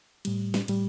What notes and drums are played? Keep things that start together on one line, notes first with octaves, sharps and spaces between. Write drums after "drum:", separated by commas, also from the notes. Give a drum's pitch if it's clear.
A2 G3, drum: cymbal
drum: snare
A2 G3, drum: cymbal